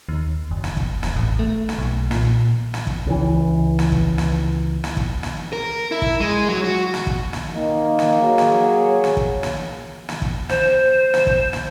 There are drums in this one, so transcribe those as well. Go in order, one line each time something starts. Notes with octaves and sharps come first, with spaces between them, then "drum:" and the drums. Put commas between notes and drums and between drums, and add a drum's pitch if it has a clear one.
D#2
F#1
drum: snare
drum: kick
E1, drum: snare
A1
A3
drum: snare
B1
A#2, drum: snare
drum: snare
drum: kick
C#2 E3
drum: snare
drum: kick
drum: snare
drum: snare
drum: kick
drum: snare
A#4
E4
drum: kick
G#3
F#3
F#4
drum: snare
drum: kick
drum: snare
D#3 A#3 D#5
drum: snare
F#3 G#4 C#5
drum: snare
drum: snare
drum: kick
drum: snare
drum: snare
drum: kick
C5, drum: snare
drum: snare
drum: kick
drum: snare